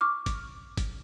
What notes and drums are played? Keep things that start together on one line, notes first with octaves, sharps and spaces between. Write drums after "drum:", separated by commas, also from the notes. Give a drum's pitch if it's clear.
C#6 D6 F6
drum: kick G#1, hi-hat
drum: kick G#1, hi-hat